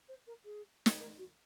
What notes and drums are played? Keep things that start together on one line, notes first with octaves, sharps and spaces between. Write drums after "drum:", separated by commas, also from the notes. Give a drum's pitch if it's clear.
C5
A#4
G#4
drum: snare
A#4
F#4